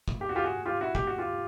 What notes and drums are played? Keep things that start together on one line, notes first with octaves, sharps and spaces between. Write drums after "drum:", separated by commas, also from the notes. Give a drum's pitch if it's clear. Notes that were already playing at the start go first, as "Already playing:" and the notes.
drum: kick
G4
F#4
F4 G4
F#4 G#4
F4 G4
E4 F#4
G4, drum: kick
F#4
F4 G4